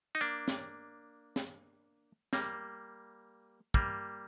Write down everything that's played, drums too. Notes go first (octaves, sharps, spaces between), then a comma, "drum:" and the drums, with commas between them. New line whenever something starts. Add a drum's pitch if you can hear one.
D#4
A#3 D4
drum: snare
drum: snare
G3 A#3, drum: snare
G3 A#3, drum: kick